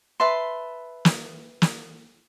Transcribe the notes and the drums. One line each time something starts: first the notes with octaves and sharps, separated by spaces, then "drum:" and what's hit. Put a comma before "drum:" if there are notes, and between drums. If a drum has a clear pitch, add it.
B4 E5 A5 C6
drum: snare
drum: snare